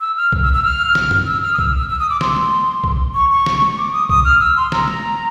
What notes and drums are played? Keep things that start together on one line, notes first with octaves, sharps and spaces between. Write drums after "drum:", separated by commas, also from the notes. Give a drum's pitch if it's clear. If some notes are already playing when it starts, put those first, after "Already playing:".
E6
F6
drum: kick
E6
E6
F6
drum: snare
drum: tom
E6
F6
D#6
E6, drum: kick
E6
E6
D#6
D6
C6, drum: snare
drum: tom
drum: kick
C#6
C#6
drum: snare
drum: tom
D6
D#6
D#6, drum: kick
F6
E6
C6
A#5, drum: snare
drum: tom